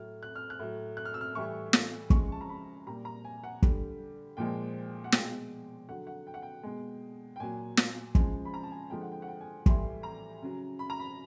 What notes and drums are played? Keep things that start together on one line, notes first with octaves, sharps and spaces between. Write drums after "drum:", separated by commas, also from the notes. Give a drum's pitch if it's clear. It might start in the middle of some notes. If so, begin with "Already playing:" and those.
Already playing: A2 F#3 F6
F#6
F6
F#6
A2 F#3
F#6
F6
E6
F6
A2 E3 G3 C#6
drum: snare
C#3 F3 G#3 C#6, drum: kick
A5
A#5
B5
A#2 G3 A#5
A#5
G#5
F#5
D3 G3, drum: kick
A#2 F3 G#3 G5
F#5
B2 G#3 G5, drum: snare
D3 F#3 F#5
F#5
G5
F#5
G5
B2 G#3
G5
A#2 F#3 G#5
drum: snare
C#3 F3 G#3, drum: kick
B5
A#5
A5
G#5
D3 F3 G#3 G5
F#5
G5
F#5
G5
G#5
A2 E3 G3 C6, drum: kick
A#5
C#3 F#3
B5
A#5
B5